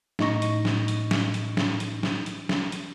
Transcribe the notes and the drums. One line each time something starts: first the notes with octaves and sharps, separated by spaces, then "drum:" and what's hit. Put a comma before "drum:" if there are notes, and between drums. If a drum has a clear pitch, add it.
A2 D#4 C#6 A#6, drum: snare
drum: hi-hat
drum: snare
drum: hi-hat
drum: snare
drum: hi-hat
drum: snare
drum: hi-hat
drum: snare
drum: hi-hat
drum: snare
drum: hi-hat